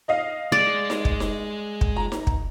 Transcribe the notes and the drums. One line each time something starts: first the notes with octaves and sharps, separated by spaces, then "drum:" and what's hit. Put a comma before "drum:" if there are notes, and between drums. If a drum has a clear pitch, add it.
D#4 D#5 F5
G#3 D5
drum: snare D#4
drum: kick
drum: snare D#4
drum: kick
A#5
drum: snare D#4
drum: kick